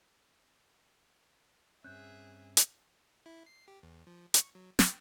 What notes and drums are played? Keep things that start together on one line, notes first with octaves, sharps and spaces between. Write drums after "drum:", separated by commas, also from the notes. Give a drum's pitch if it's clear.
G2 C4 C#4 G#4 E5 F#6 G6
drum: hi-hat
E4
C7
G4
E2
F3
C#6, drum: hi-hat
F#3
G5, drum: snare